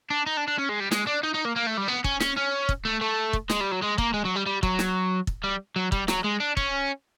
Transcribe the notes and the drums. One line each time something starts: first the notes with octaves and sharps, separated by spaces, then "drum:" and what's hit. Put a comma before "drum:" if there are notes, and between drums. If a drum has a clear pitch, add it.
D4
D#4
D4
D4
C#4
G#3
G3
G#3, drum: snare
D4
D#4
D#4
A#3
A#3
A3
G3
B3
C#4, drum: kick
C#4, drum: snare
C#4
drum: kick
A3
A3
drum: kick
G#3, drum: snare
G3
F#3
G#3
A#3, drum: kick
G#3
F#3
G3
G3
F#3, drum: kick
drum: snare
drum: kick
G3
F#3
G3, drum: kick
F#3, drum: snare
G#3
D4
C#4, drum: kick